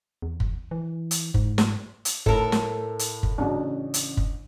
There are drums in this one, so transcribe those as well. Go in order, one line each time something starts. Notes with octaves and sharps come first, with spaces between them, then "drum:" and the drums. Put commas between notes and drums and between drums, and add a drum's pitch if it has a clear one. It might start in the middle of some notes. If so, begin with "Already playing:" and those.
E2
drum: kick
E3
drum: hi-hat
G#2, drum: kick
drum: snare
drum: hi-hat
A2 A4 A#4, drum: kick
drum: snare
drum: hi-hat
drum: kick
A1 C#3 D4 F#4
drum: hi-hat
drum: kick